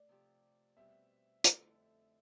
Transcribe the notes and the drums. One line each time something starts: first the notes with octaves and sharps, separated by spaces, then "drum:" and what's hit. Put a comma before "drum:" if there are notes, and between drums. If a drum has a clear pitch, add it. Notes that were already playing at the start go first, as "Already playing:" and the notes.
Already playing: A3 D5
C3 F3 C4 G4
B2 G3 C4 G4 E5
F2 D3 A3 E4 A4, drum: hi-hat